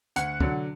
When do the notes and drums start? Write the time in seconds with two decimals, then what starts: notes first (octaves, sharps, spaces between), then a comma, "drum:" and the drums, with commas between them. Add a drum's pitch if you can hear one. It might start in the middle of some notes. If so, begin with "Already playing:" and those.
0.16 D2 F#5, drum: hi-hat
0.40 D3 F#3, drum: kick